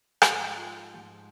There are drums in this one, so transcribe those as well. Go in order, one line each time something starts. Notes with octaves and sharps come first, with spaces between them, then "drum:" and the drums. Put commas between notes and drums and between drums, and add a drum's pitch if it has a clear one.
G#2 F3 G#3 G4, drum: rim click
F4
G#2 F3 G#3